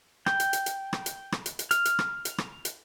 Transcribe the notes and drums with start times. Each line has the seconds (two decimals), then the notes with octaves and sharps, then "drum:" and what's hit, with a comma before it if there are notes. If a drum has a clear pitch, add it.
0.26 G5, drum: rim click
0.40 drum: hi-hat
0.53 drum: hi-hat
0.66 drum: hi-hat
0.93 drum: rim click
1.06 drum: hi-hat
1.32 drum: rim click
1.46 drum: hi-hat
1.59 drum: hi-hat
1.71 F6, drum: hi-hat
1.85 drum: hi-hat
1.99 drum: rim click
2.25 drum: hi-hat
2.38 drum: rim click
2.65 drum: hi-hat